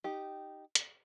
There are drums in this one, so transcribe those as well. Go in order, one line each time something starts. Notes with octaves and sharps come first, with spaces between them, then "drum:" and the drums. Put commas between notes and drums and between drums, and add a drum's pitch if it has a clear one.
D#4 G4
drum: hi-hat